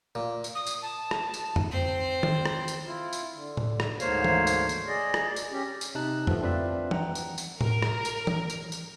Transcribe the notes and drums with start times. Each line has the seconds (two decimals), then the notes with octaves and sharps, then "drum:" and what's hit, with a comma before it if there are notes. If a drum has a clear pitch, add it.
0.15 A#2
0.44 drum: tambourine
0.55 D#6
0.67 drum: tambourine
0.82 A5
1.11 drum: rim click
1.34 drum: tambourine
1.56 drum: tom F2
1.71 C4 C5
2.23 drum: tom D#3
2.46 drum: rim click
2.68 drum: tambourine
2.85 E4 F4
3.13 drum: tambourine
3.35 D3
3.57 drum: tom A2
3.80 drum: rim click
4.00 D2 G#2 A#3 C5 C#5 F5, drum: tambourine
4.25 drum: tom E3
4.47 drum: tambourine
4.69 drum: tambourine
4.87 G#4 D5 D#5
5.14 drum: rim click
5.36 drum: tambourine
5.52 C#4 G4
5.81 drum: tambourine
5.95 C3 D#4 A5 F#6
6.27 F3 A3 B3 E4, drum: tom F2
6.41 C4 D4 F4 B4 D5 E5
6.91 F#5 G5 A#5, drum: tom E3
7.15 drum: tambourine
7.38 drum: tambourine
7.61 A#4, drum: tom A2
7.82 drum: rim click
8.05 drum: tambourine
8.27 drum: tom E3
8.50 drum: tambourine
8.72 drum: tambourine